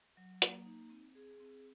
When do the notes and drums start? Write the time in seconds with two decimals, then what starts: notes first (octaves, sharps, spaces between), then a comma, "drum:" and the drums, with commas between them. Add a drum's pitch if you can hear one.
0.17 F#3
0.42 A#3, drum: hi-hat
0.65 D#4
0.90 C4
1.15 G#4
1.40 C4